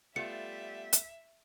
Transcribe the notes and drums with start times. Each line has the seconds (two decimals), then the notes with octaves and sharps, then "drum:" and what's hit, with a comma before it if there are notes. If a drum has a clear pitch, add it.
0.16 G3 A3 B3 F4 E5 C#7
0.93 drum: hi-hat